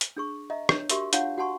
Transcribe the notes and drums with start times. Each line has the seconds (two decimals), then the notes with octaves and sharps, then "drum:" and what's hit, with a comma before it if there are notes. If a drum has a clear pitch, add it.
0.01 drum: hi-hat
0.17 D4 G#4 C#6
0.50 D#5 E5 A#5
0.69 D4 C#5, drum: rim click
0.90 F#4 G4 A#4 E5 C6 C#6, drum: hi-hat
1.13 D4 F4 C#5 F5 F#5 A5, drum: hi-hat
1.37 F#4 F#5 A5 C6 C#6